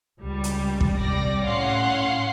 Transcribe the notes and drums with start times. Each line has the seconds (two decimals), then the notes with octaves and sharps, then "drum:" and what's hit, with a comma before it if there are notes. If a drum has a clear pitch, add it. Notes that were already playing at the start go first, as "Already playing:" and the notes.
0.19 C#2 G3
0.44 drum: hi-hat
0.81 drum: kick
0.98 C2 G3 D5 A#6
1.45 A2 C#4 F5 F#5 C6